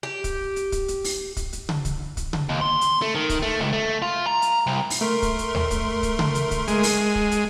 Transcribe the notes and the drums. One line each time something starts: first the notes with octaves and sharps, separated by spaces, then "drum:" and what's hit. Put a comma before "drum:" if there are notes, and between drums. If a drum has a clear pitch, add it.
G4
drum: kick, hi-hat
drum: hi-hat
drum: kick, hi-hat
drum: hi-hat
drum: open hi-hat
drum: kick, hi-hat
drum: hi-hat
drum: tom C#3
drum: kick, hi-hat
drum: kick, hi-hat
drum: tom C#3
D#2
C6
drum: hi-hat
A3
D#3
drum: kick, hi-hat
A3
C#2
A3
F4
A#5
drum: hi-hat
C2
drum: open hi-hat
A3 A#4 C6
drum: kick, hi-hat
drum: hi-hat
drum: tom D#2
drum: kick, hi-hat
drum: kick, hi-hat
drum: tom C#3
drum: hi-hat
drum: kick, hi-hat
G#3, drum: hi-hat
drum: open hi-hat
drum: kick
drum: hi-hat